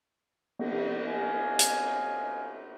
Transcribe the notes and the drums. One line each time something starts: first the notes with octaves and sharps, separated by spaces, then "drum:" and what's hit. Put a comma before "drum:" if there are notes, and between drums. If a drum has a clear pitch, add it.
drum: cymbal
D#5 F5 G#5
drum: hi-hat